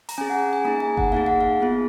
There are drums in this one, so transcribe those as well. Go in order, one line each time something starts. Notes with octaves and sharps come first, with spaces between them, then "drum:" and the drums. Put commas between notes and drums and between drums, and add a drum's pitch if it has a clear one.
A#5, drum: hi-hat
C#4 G#4 G#5
F#5
G#5
G#5
A#3 D#4 G#4 A#5
G#5
F#5, drum: kick F#1
A#3 D#4 G#4 F5
F#5
F5
B3 F4 G#4